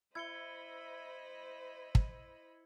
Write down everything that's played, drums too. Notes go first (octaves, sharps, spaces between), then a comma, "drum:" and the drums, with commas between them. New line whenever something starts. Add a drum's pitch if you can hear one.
E4 C5 D#5 B5 G#6 C#7 G7
drum: kick